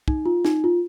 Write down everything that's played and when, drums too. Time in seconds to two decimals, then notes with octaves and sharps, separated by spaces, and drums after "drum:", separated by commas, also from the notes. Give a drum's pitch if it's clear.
0.08 D#4, drum: kick
0.26 F4
0.45 D#4, drum: snare
0.64 F4